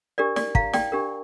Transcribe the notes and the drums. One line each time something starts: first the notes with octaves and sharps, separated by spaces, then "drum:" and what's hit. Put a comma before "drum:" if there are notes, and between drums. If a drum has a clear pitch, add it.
D4 G4 A#4 D5
D5, drum: snare
F5 A#5, drum: kick
D5 G5, drum: snare
D4 G4 A#4